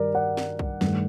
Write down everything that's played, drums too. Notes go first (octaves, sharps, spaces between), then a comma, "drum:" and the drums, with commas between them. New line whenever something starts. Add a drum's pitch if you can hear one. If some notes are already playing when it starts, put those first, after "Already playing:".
Already playing: G2 D#3 G3 A#4 D5
D5 F#5
drum: snare
drum: kick
G2 D#3 A3, drum: snare